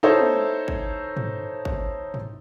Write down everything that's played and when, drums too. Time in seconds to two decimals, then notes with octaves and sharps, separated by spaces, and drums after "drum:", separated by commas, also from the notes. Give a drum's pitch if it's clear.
0.03 D#4 E4 A4 C5 C#5
0.19 drum: tom
0.68 drum: kick
1.17 drum: tom
1.65 drum: kick
2.14 drum: tom